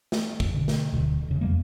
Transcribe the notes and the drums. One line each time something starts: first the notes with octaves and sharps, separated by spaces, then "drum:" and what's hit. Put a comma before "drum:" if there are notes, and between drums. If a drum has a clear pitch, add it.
drum: snare
drum: kick
B2 D3
drum: snare
D1 B2 D3
E1 C#3
F2 F#3 G3 A#3